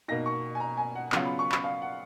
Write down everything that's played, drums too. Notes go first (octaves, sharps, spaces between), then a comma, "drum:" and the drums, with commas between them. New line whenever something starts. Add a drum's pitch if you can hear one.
B2 A#3 D#4 A#6
C#6
G#5
A#5
G#5
F#5
C#3 F#3 B3 F4 F#5, drum: clap
B5
C#6
B5, drum: clap
F5
F#5